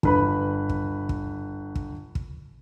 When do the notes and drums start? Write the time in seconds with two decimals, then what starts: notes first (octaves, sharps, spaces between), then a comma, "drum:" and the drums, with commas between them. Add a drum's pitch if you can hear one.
0.03 G1 B4 B5, drum: kick
0.69 drum: kick
1.09 drum: kick
1.75 drum: kick
2.15 drum: kick